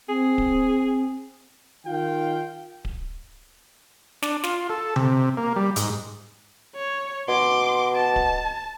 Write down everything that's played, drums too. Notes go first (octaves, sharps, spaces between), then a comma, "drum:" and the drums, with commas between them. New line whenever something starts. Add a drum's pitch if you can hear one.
C4 G#4
drum: kick D1
D#3 F4 F5 G5
drum: kick D1
D4, drum: snare
F4, drum: snare
A4
C3, drum: tom C#3
A#3
G3
G#2, drum: hi-hat
C#5
B2 C6 D6
A5
drum: kick D1